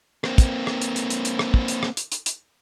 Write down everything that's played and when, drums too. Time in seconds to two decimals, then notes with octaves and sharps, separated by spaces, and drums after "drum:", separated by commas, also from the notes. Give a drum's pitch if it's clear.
0.24 A#3 C4, drum: rim click
0.38 drum: kick, hi-hat
0.67 drum: rim click
0.82 drum: hi-hat
0.96 drum: hi-hat
1.10 drum: hi-hat
1.25 drum: hi-hat
1.39 drum: rim click
1.54 drum: kick
1.68 drum: hi-hat
1.83 drum: rim click
1.97 drum: hi-hat
2.12 drum: hi-hat
2.26 drum: hi-hat